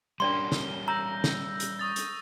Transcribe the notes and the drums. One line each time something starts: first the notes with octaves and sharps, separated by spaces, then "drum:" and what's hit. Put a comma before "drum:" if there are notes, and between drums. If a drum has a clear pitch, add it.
G3 C#4 D4 A#4 D5 C6 G7
drum: snare
A#5 E6 G6 A#6
drum: snare
drum: hi-hat
C#6 D#6 A6
drum: hi-hat